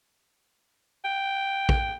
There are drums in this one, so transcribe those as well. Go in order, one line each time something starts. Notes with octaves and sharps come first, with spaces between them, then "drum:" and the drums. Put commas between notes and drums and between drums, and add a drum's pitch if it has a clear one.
G5
drum: kick